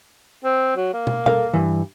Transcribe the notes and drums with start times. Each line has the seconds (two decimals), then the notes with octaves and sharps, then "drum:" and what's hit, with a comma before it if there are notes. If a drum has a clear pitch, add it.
0.44 C4
0.76 F#3
0.94 A#3
1.07 drum: tom
1.26 A4 A#4 F5, drum: tom
1.54 G2 E3